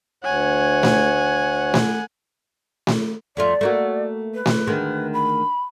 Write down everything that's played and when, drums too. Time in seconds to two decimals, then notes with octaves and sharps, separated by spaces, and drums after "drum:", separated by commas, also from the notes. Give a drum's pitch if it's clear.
0.24 D2 C#5 F#5 G#5
0.83 drum: snare A3
1.74 drum: snare A3
2.87 drum: snare A3
3.37 F2 A3 F4 D5
3.61 A3 A#3 F#4
4.34 B4
4.46 drum: snare A3
4.67 D2 D#3 G#3
5.14 B5